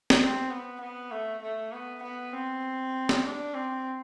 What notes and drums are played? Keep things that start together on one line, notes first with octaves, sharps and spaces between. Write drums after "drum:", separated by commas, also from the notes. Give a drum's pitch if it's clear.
drum: snare
C4
B3
B3
A3
A3
B3
B3
C4
drum: snare
D4
C4